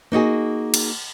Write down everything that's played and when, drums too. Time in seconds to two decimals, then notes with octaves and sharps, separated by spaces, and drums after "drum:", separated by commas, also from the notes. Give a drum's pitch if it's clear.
0.12 A#3 D#4 F#4 G#4
0.74 drum: cymbal